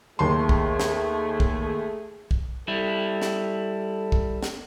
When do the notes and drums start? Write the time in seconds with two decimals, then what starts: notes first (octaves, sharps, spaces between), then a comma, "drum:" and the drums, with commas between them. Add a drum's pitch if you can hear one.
0.19 D#2 A3 G#4 C6
0.49 drum: kick
0.80 drum: snare
1.40 drum: kick
2.31 drum: kick
2.68 G3 E4 A4
3.22 drum: snare
4.12 drum: kick
4.43 drum: snare